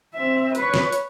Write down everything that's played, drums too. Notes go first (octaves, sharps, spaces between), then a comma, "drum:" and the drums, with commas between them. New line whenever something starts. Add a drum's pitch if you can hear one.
C4 E5
B4 C#5, drum: hi-hat
drum: snare
drum: hi-hat